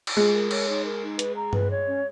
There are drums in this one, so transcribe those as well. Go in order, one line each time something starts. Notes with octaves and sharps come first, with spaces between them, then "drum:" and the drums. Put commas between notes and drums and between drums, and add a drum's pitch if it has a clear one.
drum: cymbal
G#3 F4
A#4
C#5, drum: cymbal
D#4
A#4
D#4
B4, drum: hi-hat
A#5
B4, drum: tom G2
C#5
C#4